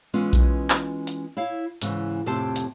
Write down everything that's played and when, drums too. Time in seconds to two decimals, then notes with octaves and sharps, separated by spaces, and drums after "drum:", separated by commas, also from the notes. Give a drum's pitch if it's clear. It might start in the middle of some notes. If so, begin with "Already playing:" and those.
0.14 E3 G#3 B3 C#4 F4
0.33 drum: kick B1, hi-hat
0.70 drum: clap
1.07 drum: hi-hat
1.37 E4 C#5 F5
1.82 G#2 C#3 E3, drum: hi-hat
2.26 F2 A2 C3 G4 C5 A5
2.56 drum: hi-hat